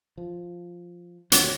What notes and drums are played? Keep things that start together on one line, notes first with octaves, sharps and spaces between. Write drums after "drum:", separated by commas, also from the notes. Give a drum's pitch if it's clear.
F3
D#1 D#2 D3 F#4 C#5, drum: hi-hat